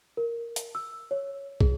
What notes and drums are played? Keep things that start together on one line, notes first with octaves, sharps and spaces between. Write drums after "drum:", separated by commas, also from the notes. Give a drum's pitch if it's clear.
A#4
drum: hi-hat
E6
C#5
G#4, drum: kick